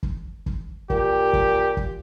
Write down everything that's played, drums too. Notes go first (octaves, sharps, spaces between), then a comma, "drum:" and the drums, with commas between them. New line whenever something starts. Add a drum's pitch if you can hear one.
drum: kick
drum: kick
A#2 G4, drum: kick
drum: kick
drum: kick